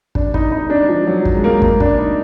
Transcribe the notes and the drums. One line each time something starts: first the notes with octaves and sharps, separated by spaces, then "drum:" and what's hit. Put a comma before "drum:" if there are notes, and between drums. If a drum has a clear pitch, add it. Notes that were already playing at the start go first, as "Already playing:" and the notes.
D4, drum: kick
D#4, drum: kick
D#4
D4
F3
F#3
drum: kick
G#3
A#3
A#3, drum: kick
D4, drum: kick
D#4